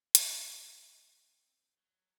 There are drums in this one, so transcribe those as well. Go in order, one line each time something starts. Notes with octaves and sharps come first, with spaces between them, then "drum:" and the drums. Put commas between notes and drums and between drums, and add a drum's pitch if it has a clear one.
G#2, drum: hi-hat
A3
C4
F#3